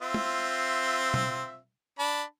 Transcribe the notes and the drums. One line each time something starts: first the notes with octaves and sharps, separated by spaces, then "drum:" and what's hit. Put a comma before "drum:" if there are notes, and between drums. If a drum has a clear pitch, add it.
C4 F4 E5
drum: tom
drum: tom
D4 A5 B5